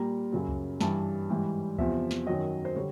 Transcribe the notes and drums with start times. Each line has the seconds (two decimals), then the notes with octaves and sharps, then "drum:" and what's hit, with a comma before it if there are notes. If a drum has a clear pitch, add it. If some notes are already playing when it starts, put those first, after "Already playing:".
Already playing: A#2 G3 A#5
0.32 F#2 C#3 F#3
0.49 drum: kick C#2
0.81 G2 E3 G3 A5, drum: snare
1.30 G#2 E3 G3
1.78 E2 C3 F3 E5, drum: kick C#2
2.11 drum: snare
2.27 F#2 D#3 F#3 D#5
2.65 C5
2.76 D3 G3 C#5